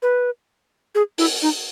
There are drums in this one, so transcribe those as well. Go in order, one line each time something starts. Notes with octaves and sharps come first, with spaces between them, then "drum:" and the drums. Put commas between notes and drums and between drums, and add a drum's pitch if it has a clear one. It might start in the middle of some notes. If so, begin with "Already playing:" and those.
B4
G#4
E4, drum: open hi-hat
D#4